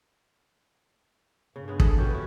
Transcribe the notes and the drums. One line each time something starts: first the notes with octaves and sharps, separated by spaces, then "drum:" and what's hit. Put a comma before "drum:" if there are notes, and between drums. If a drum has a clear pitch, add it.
G2 C#3
C#3 G#3 B3
G#4 A4 F#5, drum: kick
B2 C#4 G4
C#4 E4 B4